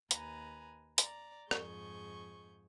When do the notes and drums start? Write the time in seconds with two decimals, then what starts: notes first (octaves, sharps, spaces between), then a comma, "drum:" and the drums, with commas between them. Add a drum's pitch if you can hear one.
0.11 D#2 B4 G#5 A#5, drum: hi-hat
0.98 D5 A#5, drum: hi-hat
1.51 F2 G#2 G#4 C#6 G6, drum: rim click